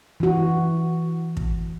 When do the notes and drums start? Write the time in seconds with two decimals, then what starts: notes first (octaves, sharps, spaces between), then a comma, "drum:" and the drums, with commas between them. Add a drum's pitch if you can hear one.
0.20 E3 F#4
1.37 drum: kick